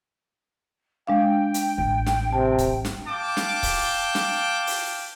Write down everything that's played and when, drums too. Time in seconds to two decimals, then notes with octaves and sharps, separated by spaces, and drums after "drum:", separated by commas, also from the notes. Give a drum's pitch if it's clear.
1.07 G#3 D4 F5 G5
1.54 drum: hi-hat
1.78 A1
2.06 drum: snare
2.32 C3 A5
2.59 drum: kick C#1, hi-hat
2.85 drum: snare
3.07 F5 G5 A5 D6
3.37 drum: snare
3.63 drum: kick C#1, open hi-hat
4.15 drum: snare
4.67 drum: open hi-hat